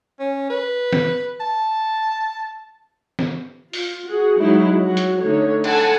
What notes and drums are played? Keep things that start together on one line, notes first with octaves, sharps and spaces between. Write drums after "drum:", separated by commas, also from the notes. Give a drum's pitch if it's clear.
C#4
B4
drum: snare
A5
drum: snare
F4, drum: open hi-hat
F#4 G#4
F#3 G#3 D#4 E4
F#3 F#4
drum: hi-hat
D3 A3 D#4 C#5
A4 F#5 G#5 A5, drum: cymbal